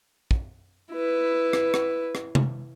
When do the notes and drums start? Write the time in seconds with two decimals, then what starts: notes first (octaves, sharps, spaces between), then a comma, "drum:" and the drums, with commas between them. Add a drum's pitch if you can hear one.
0.31 drum: kick
0.92 E4 B4
1.53 drum: rim click
1.74 drum: rim click
2.15 drum: rim click
2.35 drum: tom C3